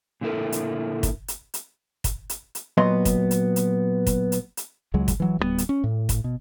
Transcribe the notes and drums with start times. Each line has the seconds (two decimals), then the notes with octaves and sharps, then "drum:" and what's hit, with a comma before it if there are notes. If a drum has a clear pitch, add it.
0.21 A#2 D3 A3 E4 A4 A#4
0.52 drum: hi-hat
1.03 drum: kick, hi-hat
1.28 drum: hi-hat
1.54 drum: hi-hat
2.04 drum: kick, hi-hat
2.30 drum: hi-hat
2.55 drum: hi-hat
2.77 A#2 F#3 B3 D#5 C6
3.05 drum: kick, hi-hat
3.31 drum: hi-hat
3.56 drum: hi-hat
4.07 drum: kick, hi-hat
4.32 drum: hi-hat
4.57 drum: hi-hat
4.94 C#2 C#3 F#3 G#3
5.08 drum: kick, hi-hat
5.20 E3 F#3
5.39 D1 G2 G3 B3
5.58 drum: hi-hat
5.69 C#4
5.84 A2
6.09 drum: kick, hi-hat
6.24 B2